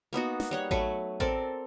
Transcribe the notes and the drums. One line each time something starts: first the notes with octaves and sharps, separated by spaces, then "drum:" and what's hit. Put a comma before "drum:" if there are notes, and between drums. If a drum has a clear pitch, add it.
A#3 B3 D#4 F#4
drum: snare
G3 C#5 F#5
F#3 A3 B4 C#6, drum: kick A1
C4 A4 A#4 D5, drum: kick A1